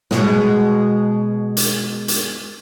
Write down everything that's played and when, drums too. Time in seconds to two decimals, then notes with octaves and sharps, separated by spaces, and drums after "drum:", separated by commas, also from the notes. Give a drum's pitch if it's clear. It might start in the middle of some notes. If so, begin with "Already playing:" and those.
0.11 B2 G#3, drum: snare
1.57 drum: hi-hat
2.08 drum: hi-hat